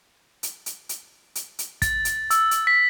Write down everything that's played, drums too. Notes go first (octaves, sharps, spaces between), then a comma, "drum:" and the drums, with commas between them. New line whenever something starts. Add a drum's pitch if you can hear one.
drum: hi-hat
drum: hi-hat
drum: hi-hat
drum: hi-hat
drum: hi-hat
A6, drum: kick, hi-hat
drum: hi-hat
E6, drum: hi-hat
drum: hi-hat
B6